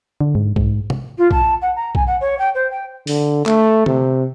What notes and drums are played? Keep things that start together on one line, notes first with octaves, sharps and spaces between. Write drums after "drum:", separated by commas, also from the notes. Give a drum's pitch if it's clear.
D3
G#2
G#2, drum: kick B1
drum: tom
F4
A5, drum: kick B1
F#5
A#5
G#5, drum: kick B1
F#5
C#5
G5
C5
G5
D3, drum: open hi-hat
A3, drum: clap
C3, drum: tom